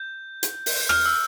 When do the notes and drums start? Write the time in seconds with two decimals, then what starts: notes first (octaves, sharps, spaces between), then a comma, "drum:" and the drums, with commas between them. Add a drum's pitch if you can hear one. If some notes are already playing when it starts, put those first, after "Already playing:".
Already playing: G6
0.43 drum: hi-hat
0.66 drum: open hi-hat
0.89 F6, drum: rim click
1.06 E6